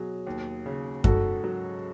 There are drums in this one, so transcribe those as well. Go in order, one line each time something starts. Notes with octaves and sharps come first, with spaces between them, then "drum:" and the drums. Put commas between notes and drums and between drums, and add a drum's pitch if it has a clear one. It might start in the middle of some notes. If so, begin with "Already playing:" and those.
Already playing: B2 F#3 G#4
D#2
C#3
G#2 F#4 A4, drum: kick F#2
F#3